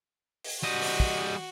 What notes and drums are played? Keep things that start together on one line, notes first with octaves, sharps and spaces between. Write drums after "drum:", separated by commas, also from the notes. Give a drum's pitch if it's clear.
drum: open hi-hat
G3 F#4 D#5
drum: open hi-hat
drum: kick